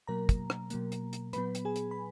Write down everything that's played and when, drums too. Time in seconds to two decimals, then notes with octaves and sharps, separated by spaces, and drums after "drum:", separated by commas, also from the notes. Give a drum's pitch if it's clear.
0.07 B2 F#3 A#3 A#4 A#5
0.29 drum: kick, hi-hat
0.50 drum: rim click
0.70 B2 F#3 A#3, drum: hi-hat
0.92 drum: hi-hat
1.13 drum: hi-hat
1.33 A#2 F#3 B3 B4 B5, drum: hi-hat
1.55 drum: hi-hat
1.65 G#4 G#5
1.76 drum: hi-hat
1.91 B5